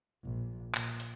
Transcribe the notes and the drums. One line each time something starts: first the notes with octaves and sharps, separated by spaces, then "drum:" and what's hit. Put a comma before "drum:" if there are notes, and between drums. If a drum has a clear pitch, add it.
A#1
A#2, drum: clap
drum: hi-hat